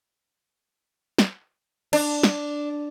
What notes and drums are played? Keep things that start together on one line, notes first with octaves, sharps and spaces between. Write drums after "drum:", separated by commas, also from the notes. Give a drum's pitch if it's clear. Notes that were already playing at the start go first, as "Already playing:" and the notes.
drum: snare
D4, drum: cymbal
drum: snare